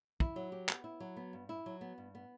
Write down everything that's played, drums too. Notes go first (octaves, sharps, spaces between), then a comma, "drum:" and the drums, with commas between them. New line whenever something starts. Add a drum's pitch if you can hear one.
E4, drum: kick
F#3
G4
B3, drum: clap
E4
F#3
B3
G2
E4
F#3
B3
G2
B3